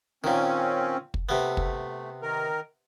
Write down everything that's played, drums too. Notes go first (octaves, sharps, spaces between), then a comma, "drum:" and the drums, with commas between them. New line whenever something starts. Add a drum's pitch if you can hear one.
A#2 D#3 C4 C#4
drum: kick
C3 A3 B3
drum: kick
D#3 A#4